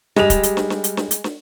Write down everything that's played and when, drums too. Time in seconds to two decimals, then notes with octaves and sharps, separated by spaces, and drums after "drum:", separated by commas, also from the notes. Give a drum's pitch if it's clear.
0.16 G3 G#3 F7, drum: snare
0.30 drum: kick, hi-hat
0.43 drum: hi-hat
0.57 drum: snare
0.70 drum: snare
0.84 drum: hi-hat
0.97 drum: snare
1.11 drum: hi-hat
1.24 drum: snare